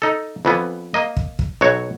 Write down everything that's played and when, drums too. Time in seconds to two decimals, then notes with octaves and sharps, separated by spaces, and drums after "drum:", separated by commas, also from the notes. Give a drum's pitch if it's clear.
0.02 D#4 A4
0.45 F2 E3 B3
0.94 A#3 D#5
1.17 drum: kick
1.39 drum: kick
1.61 B1 F#3 F#4 C#5